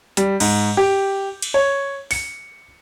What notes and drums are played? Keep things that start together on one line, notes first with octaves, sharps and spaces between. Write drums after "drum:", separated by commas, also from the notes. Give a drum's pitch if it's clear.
G3, drum: hi-hat
G#2, drum: cymbal
G4
drum: cymbal
C#5
C#7, drum: open hi-hat